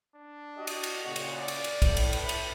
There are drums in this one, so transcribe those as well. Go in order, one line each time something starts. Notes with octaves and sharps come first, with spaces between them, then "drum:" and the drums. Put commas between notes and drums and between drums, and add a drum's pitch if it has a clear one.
D4
F#4 G4 D#5
drum: cymbal
drum: cymbal
A#2 C#3 F#4
drum: cymbal
D5
drum: cymbal
drum: cymbal
A2, drum: kick, cymbal
drum: cymbal
B4, drum: cymbal
drum: cymbal